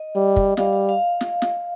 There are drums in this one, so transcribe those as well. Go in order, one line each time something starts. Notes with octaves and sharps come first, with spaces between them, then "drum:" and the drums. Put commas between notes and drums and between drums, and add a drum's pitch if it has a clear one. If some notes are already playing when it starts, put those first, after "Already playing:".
Already playing: D#5
G3
drum: kick
G3 F5, drum: snare
F5
F5
drum: snare
drum: snare